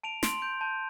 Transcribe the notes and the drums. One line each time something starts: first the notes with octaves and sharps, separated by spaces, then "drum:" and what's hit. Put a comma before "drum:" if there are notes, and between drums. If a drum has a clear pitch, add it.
A5 D7 F7
C6 D7 F7, drum: snare
G6 D7 F7
A5 G6